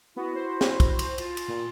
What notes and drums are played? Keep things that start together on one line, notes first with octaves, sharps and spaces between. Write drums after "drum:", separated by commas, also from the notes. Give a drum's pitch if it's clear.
B3 E4 F#4
C5
drum: snare
drum: kick, cymbal
drum: cymbal
F4, drum: cymbal
drum: cymbal
A#2